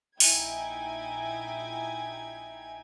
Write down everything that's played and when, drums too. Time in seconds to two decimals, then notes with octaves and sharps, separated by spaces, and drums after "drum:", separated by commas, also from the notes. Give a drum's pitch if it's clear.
0.20 A#1 D#4 E4 G5 G#5 G#6, drum: open hi-hat